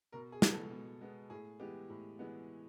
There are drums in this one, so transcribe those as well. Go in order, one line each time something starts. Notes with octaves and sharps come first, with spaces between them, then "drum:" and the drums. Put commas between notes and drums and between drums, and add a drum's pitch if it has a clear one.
B2 A#4
G#4
G#3 B3, drum: snare
A4
B2
G#3 B3
A2 G#4
E3 G#3 B3 G4
A2
E3 G#3 B3